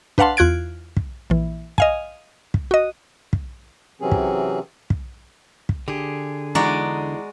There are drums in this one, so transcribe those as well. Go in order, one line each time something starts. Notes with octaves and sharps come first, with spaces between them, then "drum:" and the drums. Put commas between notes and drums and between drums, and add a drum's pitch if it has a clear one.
D4 B4 F5 F#5 A5 C6, drum: kick
E2 F4 F#6 G#6 D7
drum: kick
A#1 E3
D#5 F5 G#5, drum: kick
drum: kick
F#4 D#5
drum: kick
C3 E3 F#3 C4 C#4 G#4
drum: kick
drum: kick
drum: kick
D3 G4 G#4
E2 G#3 D4 D#4 F#4 D5 A#5